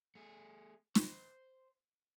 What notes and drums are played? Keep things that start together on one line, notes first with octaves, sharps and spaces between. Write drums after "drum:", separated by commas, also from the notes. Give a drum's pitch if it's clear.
A3 G#4
C5, drum: snare